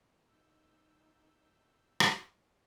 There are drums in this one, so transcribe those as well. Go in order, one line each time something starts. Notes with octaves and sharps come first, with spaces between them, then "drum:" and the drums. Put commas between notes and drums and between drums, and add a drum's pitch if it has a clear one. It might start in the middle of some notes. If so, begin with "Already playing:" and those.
D#4 E6 G6
drum: rim click